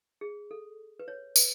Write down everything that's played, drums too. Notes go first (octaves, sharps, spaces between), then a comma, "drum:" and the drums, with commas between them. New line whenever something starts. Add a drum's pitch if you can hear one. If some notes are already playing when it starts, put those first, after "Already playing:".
G#4
A4
B4
C#5
B4, drum: tambourine